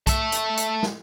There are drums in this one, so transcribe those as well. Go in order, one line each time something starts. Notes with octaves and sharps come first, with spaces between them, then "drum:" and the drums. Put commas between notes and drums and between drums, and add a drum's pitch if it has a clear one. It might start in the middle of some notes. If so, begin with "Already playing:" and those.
A3 E5, drum: kick B1, hi-hat
drum: hi-hat
drum: hi-hat
drum: snare